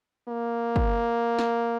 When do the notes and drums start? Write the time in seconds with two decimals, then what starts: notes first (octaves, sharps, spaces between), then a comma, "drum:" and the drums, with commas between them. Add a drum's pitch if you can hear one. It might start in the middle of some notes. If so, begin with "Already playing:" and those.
0.28 A#3
0.76 drum: kick
1.39 drum: snare